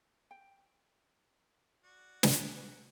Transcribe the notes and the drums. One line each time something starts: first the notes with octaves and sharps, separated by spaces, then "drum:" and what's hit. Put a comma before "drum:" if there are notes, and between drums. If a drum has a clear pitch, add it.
G5
F#4 D5
drum: snare